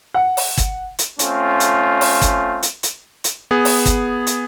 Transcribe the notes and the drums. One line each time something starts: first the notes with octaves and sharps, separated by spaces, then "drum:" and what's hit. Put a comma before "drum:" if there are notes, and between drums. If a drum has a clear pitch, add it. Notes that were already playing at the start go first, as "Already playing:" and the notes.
F#5
drum: open hi-hat
drum: kick, hi-hat
drum: hi-hat
A3 C4 C#4 F4, drum: hi-hat
drum: hi-hat
drum: open hi-hat
drum: kick, hi-hat
drum: hi-hat
drum: hi-hat
drum: hi-hat
B3 G#4
drum: open hi-hat
drum: kick, hi-hat
drum: hi-hat